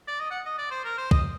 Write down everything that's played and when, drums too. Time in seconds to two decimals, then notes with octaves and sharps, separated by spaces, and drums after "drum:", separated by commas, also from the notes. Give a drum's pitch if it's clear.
0.08 D5
0.20 D#5
0.31 F#5
0.45 D#5
0.58 D5
0.71 C5
0.85 A#4
0.98 C5
1.11 D#5, drum: kick